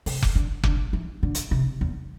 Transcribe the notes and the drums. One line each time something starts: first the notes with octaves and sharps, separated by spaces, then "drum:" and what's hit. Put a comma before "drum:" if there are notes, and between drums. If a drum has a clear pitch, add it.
C3, drum: open hi-hat
drum: kick F1
D3
D3, drum: kick F1
E3
D3
drum: hi-hat
C3
E2